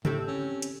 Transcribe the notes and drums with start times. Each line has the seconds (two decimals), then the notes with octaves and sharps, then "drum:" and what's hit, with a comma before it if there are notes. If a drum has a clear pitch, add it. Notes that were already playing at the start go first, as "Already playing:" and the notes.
0.05 A2 C4 G4 A4, drum: tom C#3
0.28 C#4
0.62 drum: hi-hat